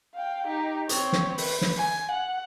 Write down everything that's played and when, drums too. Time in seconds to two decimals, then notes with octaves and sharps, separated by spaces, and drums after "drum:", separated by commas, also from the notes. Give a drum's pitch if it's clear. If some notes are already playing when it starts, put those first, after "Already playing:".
0.15 F5 G5
0.47 D#4 G4
0.89 C4 C#5, drum: hi-hat
1.13 drum: snare
1.38 B4, drum: open hi-hat
1.61 drum: snare
1.78 G#5
2.12 F#5